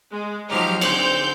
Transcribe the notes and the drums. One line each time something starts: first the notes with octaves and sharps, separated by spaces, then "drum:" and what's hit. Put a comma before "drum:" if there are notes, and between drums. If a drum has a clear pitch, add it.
G#3
F3 F#3 D#4 G4 F6
D3 C4 C5 G6, drum: cymbal